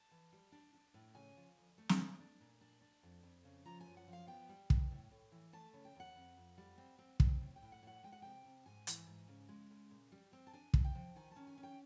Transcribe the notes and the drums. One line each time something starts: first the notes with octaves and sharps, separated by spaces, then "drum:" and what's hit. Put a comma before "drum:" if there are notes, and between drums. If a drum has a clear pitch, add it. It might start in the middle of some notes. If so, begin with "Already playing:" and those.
Already playing: A5
E3
G3
D4
D4
A2
C#3 G#5
F3
D2
A3
drum: snare
D4
D4
A#2
D4
D4
F2
F2
C#3
F3 A#5
G#5
F#2
F#5
F3
F5
B3 G5
G3
G2, drum: kick
A2
A2
E3
A3 A5
C#3
G5
D#2 F#5
F2
F2
G3
C4
C4
C4, drum: kick
A2
G5
A2
F#5
A2 F#5
G#3 G5
F#5
C3 G5
C3
G#2 G#5
E3, drum: hi-hat
G#2
C#3
G#3
C#3
A#2
G3
C4
A5
D4 G#5
D4, drum: kick
G5
F3
D#3 G#5
C#4 A5
G#5
C#4
G5